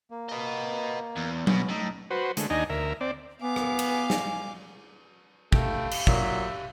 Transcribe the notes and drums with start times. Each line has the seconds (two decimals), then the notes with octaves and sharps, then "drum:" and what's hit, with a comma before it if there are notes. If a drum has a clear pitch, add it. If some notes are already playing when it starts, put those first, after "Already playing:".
0.10 A#3
0.29 B4 D#5
1.17 E2
1.47 D#2 B2 B3 C#4, drum: tom F#3
1.69 A2 D#4
2.11 F#4 B4 C5
2.37 D3 G#3 A3, drum: hi-hat
2.50 D#2 D4 D#4 D#5 G#5 A#5
2.70 D2 A#4 E5
3.01 C4 D5
3.42 B3 F5 G#5 D6
3.56 drum: rim click
3.79 drum: cymbal
4.10 drum: snare
5.52 A3 G4 F5 G5, drum: kick
5.91 drum: cymbal
6.07 A#2 F#3 E5, drum: kick